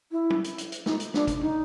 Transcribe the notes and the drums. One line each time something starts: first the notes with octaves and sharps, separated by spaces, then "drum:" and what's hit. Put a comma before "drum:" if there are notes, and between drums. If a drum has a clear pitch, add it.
E4
drum: tom
drum: hi-hat
drum: hi-hat
drum: hi-hat
D#4, drum: snare
drum: hi-hat
D4, drum: snare
drum: kick, hi-hat
D#4, drum: tom